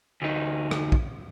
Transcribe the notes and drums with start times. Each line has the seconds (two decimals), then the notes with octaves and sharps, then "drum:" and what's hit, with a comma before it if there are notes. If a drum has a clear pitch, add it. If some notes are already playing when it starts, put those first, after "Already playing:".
0.22 D2 D#4
0.71 drum: rim click
0.92 drum: kick